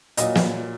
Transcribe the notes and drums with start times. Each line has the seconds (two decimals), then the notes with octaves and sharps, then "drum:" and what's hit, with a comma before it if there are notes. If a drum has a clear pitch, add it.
0.17 A#2 F#3 D#5, drum: hi-hat
0.35 drum: snare